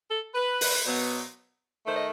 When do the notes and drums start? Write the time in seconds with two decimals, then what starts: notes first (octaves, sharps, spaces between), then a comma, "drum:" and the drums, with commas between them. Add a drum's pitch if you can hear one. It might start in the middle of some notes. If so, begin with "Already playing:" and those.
0.08 A4
0.34 B4
0.61 drum: open hi-hat
0.85 B2 F#3 B3
1.86 D#3 A3 C5
1.95 D#5